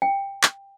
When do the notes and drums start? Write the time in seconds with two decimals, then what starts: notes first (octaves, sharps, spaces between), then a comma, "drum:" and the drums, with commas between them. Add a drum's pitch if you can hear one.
0.02 G5
0.43 drum: clap